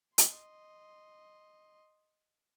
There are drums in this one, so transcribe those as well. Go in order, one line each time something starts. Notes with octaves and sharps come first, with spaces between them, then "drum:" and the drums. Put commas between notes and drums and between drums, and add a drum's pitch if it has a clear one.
D#5 C6, drum: hi-hat